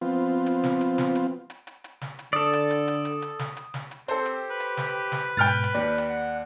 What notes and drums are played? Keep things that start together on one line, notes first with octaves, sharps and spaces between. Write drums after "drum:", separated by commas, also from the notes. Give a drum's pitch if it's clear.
F3 B3 C4 F4
drum: hi-hat
drum: snare
drum: hi-hat
drum: snare
drum: hi-hat
drum: hi-hat
drum: hi-hat
drum: hi-hat
drum: snare
drum: hi-hat
D3 A4 D5 D#6
drum: hi-hat
drum: hi-hat
drum: hi-hat
drum: hi-hat
drum: hi-hat
drum: snare
drum: hi-hat
drum: snare
drum: hi-hat
C4 G4 A4 C5, drum: hi-hat
drum: hi-hat
B4
drum: hi-hat
drum: snare
B4
drum: snare
G#2 B2 G5 F6 A6
drum: hi-hat
drum: hi-hat
D#2 D5 G5
drum: hi-hat
F#5